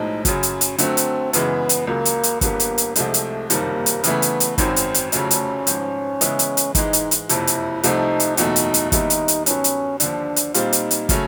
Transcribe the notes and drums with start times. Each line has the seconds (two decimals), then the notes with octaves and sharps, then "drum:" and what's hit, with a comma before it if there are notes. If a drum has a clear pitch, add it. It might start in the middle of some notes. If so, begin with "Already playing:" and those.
Already playing: B1 A2 F3 G#3 D#4
0.25 F#2 C#3 F#3 C#4, drum: kick, hi-hat
0.43 drum: hi-hat
0.61 drum: hi-hat
0.78 D3 F#3 A3 C4, drum: hi-hat
0.97 drum: hi-hat
1.33 F#2 C#3 E3 G#3 B3, drum: hi-hat
1.69 drum: hi-hat
1.87 C#2 C#3 F#3 A#3
2.05 drum: hi-hat
2.23 drum: hi-hat
2.41 G1 F2 D3 G3 A#3 B3, drum: kick, hi-hat
2.60 drum: hi-hat
2.78 drum: hi-hat
2.96 C2 C3 F3 G#3 A3, drum: hi-hat
3.14 drum: hi-hat
3.50 F#1 F2 C3 D#3 G3 A#3, drum: hi-hat
3.86 drum: hi-hat
4.04 C#3 E3 A3 B3, drum: hi-hat
4.22 drum: hi-hat
4.40 drum: hi-hat
4.58 G#1 F#2 D#3 F#3 C4, drum: kick, hi-hat
4.76 drum: hi-hat
4.94 drum: hi-hat
5.12 F1 F2 C#3 F#3 A3 C#4, drum: hi-hat
5.31 drum: hi-hat
5.67 G#1 G#2 F3, drum: hi-hat
6.21 C#3 E3 G#3 B3 E4, drum: hi-hat
6.39 drum: hi-hat
6.57 drum: hi-hat
6.75 G#2 E3 G#3 D#4, drum: kick, hi-hat
6.93 drum: hi-hat
7.11 drum: hi-hat
7.29 F#1 F2 C3 E4, drum: hi-hat
7.47 drum: hi-hat
7.83 C2 C3 F3 A3 D#4, drum: hi-hat
8.20 drum: hi-hat
8.37 F#1 E2 B2 F#3 A3 D#4, drum: hi-hat
8.56 drum: hi-hat
8.74 drum: hi-hat
8.92 D#2 D#3 G3 B3 D#4 E4, drum: kick, hi-hat
9.10 drum: hi-hat
9.28 drum: hi-hat
9.46 G2 D#3 F#3 B3 C#4, drum: hi-hat
9.64 drum: hi-hat
10.00 D#2 D3 F3 D4, drum: hi-hat
10.36 drum: hi-hat
10.54 A#2 G3 C4 D#4 F4, drum: hi-hat
10.73 drum: hi-hat
10.91 drum: hi-hat
11.09 C#3 F#3 A3 C#4, drum: kick, hi-hat